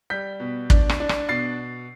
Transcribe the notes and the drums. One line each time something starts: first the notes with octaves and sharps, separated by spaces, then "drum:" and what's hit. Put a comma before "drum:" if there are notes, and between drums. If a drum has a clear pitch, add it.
G3 G6 B6
B2
D4, drum: kick
drum: rim click
D4
drum: rim click
B2 A6 C7